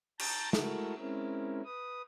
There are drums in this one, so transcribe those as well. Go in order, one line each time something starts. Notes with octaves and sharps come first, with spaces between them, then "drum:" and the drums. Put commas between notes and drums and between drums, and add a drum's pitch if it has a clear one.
A5 A#5 G6 A6 A#6, drum: cymbal
G#3 A3 E4 F#4 A4 A#4, drum: snare
G#3 C4 C#4 E4 A#4
B4 D#6